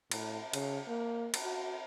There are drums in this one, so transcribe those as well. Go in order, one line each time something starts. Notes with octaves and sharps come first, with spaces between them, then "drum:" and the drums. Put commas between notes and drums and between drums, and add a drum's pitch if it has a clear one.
A2, drum: cymbal
C#3, drum: cymbal
A#3
drum: cymbal
F#4